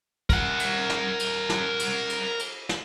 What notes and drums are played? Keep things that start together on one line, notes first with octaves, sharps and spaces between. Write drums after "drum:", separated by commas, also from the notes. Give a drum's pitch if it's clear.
A#4 F#5, drum: kick, cymbal
drum: cymbal
drum: snare
drum: cymbal
drum: snare
drum: cymbal
drum: cymbal
drum: cymbal
drum: snare